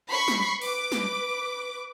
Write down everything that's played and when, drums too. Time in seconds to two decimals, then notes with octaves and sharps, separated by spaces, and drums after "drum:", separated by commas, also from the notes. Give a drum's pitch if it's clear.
0.10 B5 C#6 C7
0.28 drum: snare
0.61 B4 D6, drum: open hi-hat
0.92 drum: snare